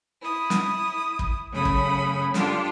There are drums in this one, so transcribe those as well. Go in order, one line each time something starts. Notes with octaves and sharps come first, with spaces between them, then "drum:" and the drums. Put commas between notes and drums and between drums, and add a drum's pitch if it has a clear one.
E4 D#6
drum: snare
drum: kick
F#2 C#3 A3 B5 D#6
drum: kick
D4 F4 G4 A4, drum: snare